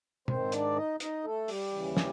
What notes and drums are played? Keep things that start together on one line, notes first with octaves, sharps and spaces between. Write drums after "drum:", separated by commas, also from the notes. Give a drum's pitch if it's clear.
G#2 D#3 C4 C5, drum: tom
D4 D5, drum: hi-hat
D#4 D#5
D#4 D#5, drum: hi-hat
A3 A4
G3 G4, drum: open hi-hat
D#2 C#3 E3
drum: snare